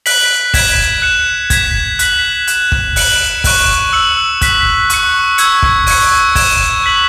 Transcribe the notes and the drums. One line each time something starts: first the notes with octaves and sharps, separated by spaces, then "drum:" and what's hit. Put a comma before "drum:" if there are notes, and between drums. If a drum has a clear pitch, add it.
F#6 B6 F#7, drum: open hi-hat
G#6 B6 E7, drum: kick, open hi-hat
F#6 C#7 E7
G#6 B6 E7, drum: kick, hi-hat
F#6 B6 F#7, drum: hi-hat
F#6 E7, drum: hi-hat
drum: kick
F#6 C#7 F#7, drum: open hi-hat
C#6 F#6 E7, drum: kick, open hi-hat
E6 C#7 F#7
F#6 B6 F#7, drum: kick, hi-hat
C#6 F#6 C#7, drum: hi-hat
C#6 E6 G#6 C#7, drum: hi-hat
drum: kick
C#6 G#6 C#7, drum: open hi-hat
G#6 E7, drum: kick, open hi-hat
F#6 B6 F#7